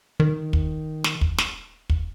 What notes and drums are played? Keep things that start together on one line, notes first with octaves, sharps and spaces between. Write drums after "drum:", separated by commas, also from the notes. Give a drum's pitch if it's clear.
D#3
drum: kick
drum: snare
drum: kick
drum: snare
drum: kick